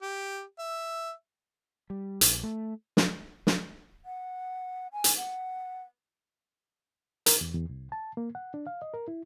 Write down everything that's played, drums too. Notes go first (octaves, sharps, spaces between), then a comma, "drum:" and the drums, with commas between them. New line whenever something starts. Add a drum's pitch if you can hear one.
G4
E5
G3
A#1, drum: hi-hat
A3
drum: snare
drum: snare
F#5
G#5
drum: hi-hat
F#5
A#4, drum: hi-hat
E2
E2
C2
A5
A#3
F#5
D4
F5
D#5
A#4
E4